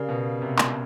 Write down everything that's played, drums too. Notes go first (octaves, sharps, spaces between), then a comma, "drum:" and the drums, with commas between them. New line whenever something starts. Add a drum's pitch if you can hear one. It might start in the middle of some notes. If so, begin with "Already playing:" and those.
Already playing: C#3 G4 A#4 D5 F5
B2
C3
drum: clap